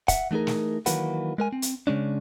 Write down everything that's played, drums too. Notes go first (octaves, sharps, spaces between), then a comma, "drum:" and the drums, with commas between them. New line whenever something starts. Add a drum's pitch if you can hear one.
E5 F#5, drum: kick, hi-hat
E3 A3 D#4 G#4 A#4
drum: snare
D#3 E3 F#3 A#3 B4 F#5, drum: hi-hat
G#3 A#4 G#5
C4
drum: hi-hat
C#3 G#3 C#4 D4